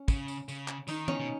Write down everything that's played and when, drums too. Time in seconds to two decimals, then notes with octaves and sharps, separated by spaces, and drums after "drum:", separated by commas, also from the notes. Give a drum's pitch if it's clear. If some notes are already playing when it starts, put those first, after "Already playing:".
Already playing: C#4
0.08 C#3, drum: kick, tambourine
0.28 drum: tambourine
0.48 C#3, drum: tambourine
0.68 drum: clap
0.88 D#3 D#4, drum: tambourine
1.08 C#4, drum: tom D#3
1.19 B2